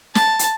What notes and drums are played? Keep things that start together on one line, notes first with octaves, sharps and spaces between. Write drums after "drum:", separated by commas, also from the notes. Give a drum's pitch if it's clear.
A5, drum: snare
drum: hi-hat